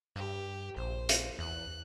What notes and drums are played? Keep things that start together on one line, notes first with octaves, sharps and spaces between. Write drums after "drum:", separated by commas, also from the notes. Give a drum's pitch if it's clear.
G2 G4
A#1 C5
drum: hi-hat
E2 F#6